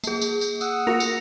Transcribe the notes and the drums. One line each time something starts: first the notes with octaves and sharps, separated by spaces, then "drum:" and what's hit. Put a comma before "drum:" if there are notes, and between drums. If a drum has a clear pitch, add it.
A#3 G#4, drum: tambourine
drum: tambourine
drum: tambourine
F#5 D#6 E6, drum: tambourine
A#3 F4 F#4 A#6 C#7 F7
drum: tambourine